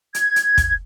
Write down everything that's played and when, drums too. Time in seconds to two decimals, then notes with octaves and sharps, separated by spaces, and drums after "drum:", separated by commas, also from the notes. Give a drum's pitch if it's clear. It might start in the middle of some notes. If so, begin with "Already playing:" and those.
0.15 G#6, drum: hi-hat
0.36 drum: hi-hat
0.58 drum: kick, hi-hat